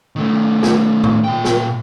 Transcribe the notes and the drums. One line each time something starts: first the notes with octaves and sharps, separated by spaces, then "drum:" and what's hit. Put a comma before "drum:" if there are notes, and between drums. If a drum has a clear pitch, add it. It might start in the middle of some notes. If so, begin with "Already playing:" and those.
D#3 A3
drum: snare
drum: tom A2
A#2 G5
drum: snare